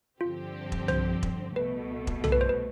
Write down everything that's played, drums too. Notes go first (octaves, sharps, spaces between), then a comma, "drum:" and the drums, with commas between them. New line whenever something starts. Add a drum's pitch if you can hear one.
G2 D3 F3 C4 F4 G4
drum: kick E1
C5, drum: tom
drum: kick E1
C2 B2 A3 B4
drum: kick E1
A4, drum: tom
B4
C5
B4